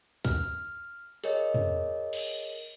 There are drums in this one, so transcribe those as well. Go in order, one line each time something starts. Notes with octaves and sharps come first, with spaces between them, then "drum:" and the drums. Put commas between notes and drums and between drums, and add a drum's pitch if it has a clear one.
F6, drum: kick
G#4 A#4 C#5 D#5, drum: hi-hat
drum: tom E2
drum: cymbal